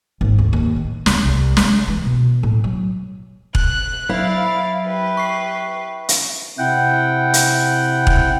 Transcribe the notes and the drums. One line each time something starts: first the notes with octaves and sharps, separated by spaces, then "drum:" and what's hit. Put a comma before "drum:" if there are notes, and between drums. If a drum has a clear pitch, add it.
G#1
D2
D#2
A2
C#2, drum: snare
C2
G#3, drum: snare
E3
B2
A2
F#3
F#6, drum: kick E1
F#3 E4 D5 F5 B5
G4 B4
C#6 C7
drum: hi-hat
C3 E4 F#5 G5
drum: hi-hat
drum: kick E1